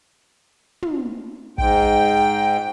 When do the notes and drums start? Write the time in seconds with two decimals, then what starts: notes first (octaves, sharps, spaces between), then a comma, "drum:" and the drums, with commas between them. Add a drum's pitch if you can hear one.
0.82 drum: tom
1.58 G#2 G5, drum: kick